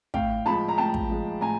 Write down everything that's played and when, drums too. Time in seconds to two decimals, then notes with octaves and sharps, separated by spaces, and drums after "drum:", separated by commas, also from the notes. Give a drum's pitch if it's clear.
0.14 A2 F5 G5, drum: kick
0.46 F3 G#3 A5 B5
0.69 A#5
0.77 A2 G5 A5
0.94 drum: kick
1.10 F3 G#3
1.41 A2 G#5 A#5